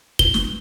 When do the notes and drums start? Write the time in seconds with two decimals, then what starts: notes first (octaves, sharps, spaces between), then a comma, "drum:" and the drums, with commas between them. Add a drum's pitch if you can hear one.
0.19 G7, drum: kick
0.34 drum: snare